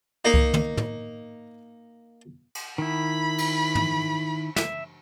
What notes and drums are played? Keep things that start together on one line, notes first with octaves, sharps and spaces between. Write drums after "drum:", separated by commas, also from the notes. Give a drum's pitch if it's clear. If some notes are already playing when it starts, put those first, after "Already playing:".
A#3 D#4
drum: kick C2
drum: tom
drum: tom A2
drum: cymbal
D#3 E4 B5
drum: cymbal
drum: tom
E5, drum: snare